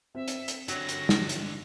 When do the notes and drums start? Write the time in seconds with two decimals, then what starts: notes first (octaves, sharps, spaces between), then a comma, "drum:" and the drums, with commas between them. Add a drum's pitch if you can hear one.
0.15 C4 E5
0.28 drum: hi-hat
0.48 drum: hi-hat
0.68 G2 D3 F#3 A#6, drum: hi-hat
0.89 drum: hi-hat
1.09 drum: snare
1.29 drum: hi-hat